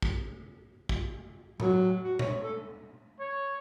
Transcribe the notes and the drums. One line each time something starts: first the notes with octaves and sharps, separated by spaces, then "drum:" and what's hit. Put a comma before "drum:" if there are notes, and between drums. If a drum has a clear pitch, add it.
drum: kick
drum: kick
F#3, drum: tom A2
F#4
C#5, drum: tom A#2
A4
C#5